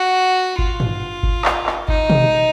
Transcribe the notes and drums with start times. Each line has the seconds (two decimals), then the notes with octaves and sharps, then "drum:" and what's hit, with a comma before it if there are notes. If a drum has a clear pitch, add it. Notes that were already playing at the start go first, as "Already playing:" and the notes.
Already playing: F#4
0.59 F4, drum: kick G1
0.80 drum: tom
1.23 drum: kick G1
1.45 drum: clap
1.66 drum: clap
1.88 D#4, drum: kick G1
2.10 drum: tom